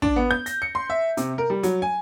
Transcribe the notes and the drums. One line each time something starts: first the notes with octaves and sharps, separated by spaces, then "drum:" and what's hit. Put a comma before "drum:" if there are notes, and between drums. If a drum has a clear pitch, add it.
D4, drum: kick
B3
G6
A#6, drum: hi-hat
C#7
C6
E5
C3, drum: hi-hat
A#4
G3
F#3, drum: hi-hat
G#5